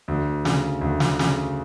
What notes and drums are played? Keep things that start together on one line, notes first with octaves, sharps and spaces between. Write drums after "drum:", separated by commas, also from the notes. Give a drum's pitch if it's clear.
D2
C#3, drum: snare
D2
drum: snare
C#3, drum: snare